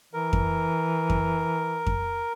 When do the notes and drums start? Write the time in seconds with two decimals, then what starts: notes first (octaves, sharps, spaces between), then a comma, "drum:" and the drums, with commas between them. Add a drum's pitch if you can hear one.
0.13 E3 A#4
0.33 drum: kick F2
1.10 drum: kick F2
1.86 drum: kick F2